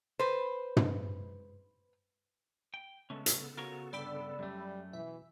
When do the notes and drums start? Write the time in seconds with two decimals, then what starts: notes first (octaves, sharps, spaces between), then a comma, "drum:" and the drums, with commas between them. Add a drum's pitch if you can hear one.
0.19 B4 C5
0.77 drum: tom
2.74 G5
3.10 C#3 G#3 A3 B3 C#4 A4
3.26 drum: hi-hat
3.57 F4 F#4 A#4 C#5
3.93 G2 D3 D5 G5 B5 E6
4.39 F#2 G3 A3
4.93 B2 E3 E5